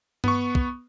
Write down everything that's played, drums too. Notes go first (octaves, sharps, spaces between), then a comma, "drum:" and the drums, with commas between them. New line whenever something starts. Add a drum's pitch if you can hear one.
B3 C#6, drum: tom G2
drum: kick